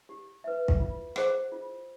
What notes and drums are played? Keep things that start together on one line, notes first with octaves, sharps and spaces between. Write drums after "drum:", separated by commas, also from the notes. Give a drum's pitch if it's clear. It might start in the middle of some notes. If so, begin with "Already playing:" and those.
G4
B4 E5
drum: kick
F4
G#4 C5 D#5 F#5, drum: rim click
F4